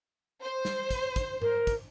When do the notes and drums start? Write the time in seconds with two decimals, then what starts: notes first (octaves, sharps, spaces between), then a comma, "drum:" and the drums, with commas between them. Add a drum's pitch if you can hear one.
0.42 C5
0.65 drum: snare
0.90 drum: kick, hi-hat
1.16 drum: kick, hi-hat
1.42 A#4, drum: tom G#2
1.67 drum: kick, hi-hat